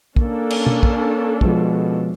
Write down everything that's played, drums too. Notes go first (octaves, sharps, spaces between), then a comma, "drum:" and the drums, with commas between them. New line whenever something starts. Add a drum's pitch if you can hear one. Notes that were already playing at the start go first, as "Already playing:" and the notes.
A#3 C#4 D4 A4, drum: kick
drum: cymbal
drum: tom
drum: kick
B2 F3 G#3, drum: kick